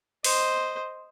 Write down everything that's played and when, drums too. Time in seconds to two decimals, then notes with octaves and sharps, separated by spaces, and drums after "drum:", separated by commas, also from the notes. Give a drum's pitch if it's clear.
0.24 C5 D#5, drum: open hi-hat